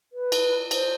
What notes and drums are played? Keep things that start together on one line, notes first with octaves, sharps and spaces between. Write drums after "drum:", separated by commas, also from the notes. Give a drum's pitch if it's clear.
B4
drum: cymbal
C5, drum: cymbal